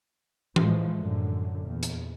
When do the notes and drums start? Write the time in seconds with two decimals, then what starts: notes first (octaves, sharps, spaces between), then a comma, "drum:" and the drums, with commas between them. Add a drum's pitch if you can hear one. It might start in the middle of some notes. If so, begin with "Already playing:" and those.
0.56 A2 E3 F3 G#3, drum: tom E3
0.96 F#2 A2 D3
1.64 E2 A#2
1.83 drum: hi-hat